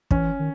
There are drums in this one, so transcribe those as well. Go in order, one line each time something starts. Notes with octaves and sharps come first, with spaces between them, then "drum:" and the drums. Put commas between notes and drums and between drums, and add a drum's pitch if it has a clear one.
E3 C#4, drum: kick
D#3